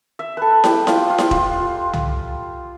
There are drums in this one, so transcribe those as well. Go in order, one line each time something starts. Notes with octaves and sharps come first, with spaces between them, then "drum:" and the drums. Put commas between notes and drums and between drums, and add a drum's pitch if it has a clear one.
E5
A4 B4
G4, drum: snare E4
F4, drum: snare E4
F4
drum: snare E4
F4, drum: kick E1
drum: tom